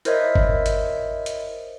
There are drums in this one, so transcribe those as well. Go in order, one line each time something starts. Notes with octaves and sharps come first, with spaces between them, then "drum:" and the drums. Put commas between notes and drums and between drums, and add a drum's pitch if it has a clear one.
E4 A#4 C5 C#5 D#5 E5, drum: hi-hat
drum: kick G1
drum: hi-hat
drum: hi-hat